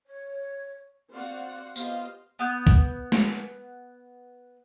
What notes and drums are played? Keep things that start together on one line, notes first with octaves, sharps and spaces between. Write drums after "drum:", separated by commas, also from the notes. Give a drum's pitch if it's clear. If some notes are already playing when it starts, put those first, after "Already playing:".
C#5
C4 F#4 C5 D5 F5 F#5
B3 F4 G4 C5 D#5 F5, drum: tambourine
B3 D#6 G6
drum: kick
drum: snare G#3